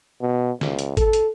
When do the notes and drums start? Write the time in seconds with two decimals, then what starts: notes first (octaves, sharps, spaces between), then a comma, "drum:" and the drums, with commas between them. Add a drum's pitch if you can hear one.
0.21 B2
0.61 C#2, drum: snare
0.79 drum: hi-hat
0.97 A4, drum: kick G#1, hi-hat
1.13 drum: hi-hat